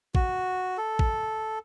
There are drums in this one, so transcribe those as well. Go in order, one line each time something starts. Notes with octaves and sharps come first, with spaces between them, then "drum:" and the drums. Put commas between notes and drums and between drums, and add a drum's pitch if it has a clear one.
F#4, drum: kick A1
A4
drum: kick A1